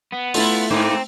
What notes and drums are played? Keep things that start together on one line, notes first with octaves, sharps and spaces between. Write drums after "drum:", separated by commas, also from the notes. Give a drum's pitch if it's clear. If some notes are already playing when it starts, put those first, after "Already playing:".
B3
A3 E4 F4, drum: open hi-hat
G#2 A#3 C4 D#4